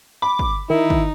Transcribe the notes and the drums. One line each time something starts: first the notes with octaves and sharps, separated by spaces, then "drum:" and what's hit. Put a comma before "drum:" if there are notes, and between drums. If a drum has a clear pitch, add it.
B5 D6
drum: kick
D#3 D#4 E4
drum: kick